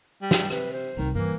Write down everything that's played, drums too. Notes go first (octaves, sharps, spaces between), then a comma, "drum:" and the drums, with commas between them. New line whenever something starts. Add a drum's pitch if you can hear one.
G3
drum: snare
C3 B4, drum: rim click
C5
C2 D#3 C4
G2 E3 A#3